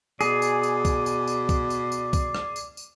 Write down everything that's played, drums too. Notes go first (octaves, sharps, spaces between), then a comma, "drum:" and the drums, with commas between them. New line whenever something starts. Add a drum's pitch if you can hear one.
B2 G#4 D5, drum: tambourine
drum: tambourine
drum: tambourine
drum: kick C2, tambourine
drum: tambourine
drum: tambourine
drum: kick C2, tambourine
drum: tambourine
drum: tambourine
drum: kick C2, tambourine
drum: rim click
drum: tambourine
drum: tambourine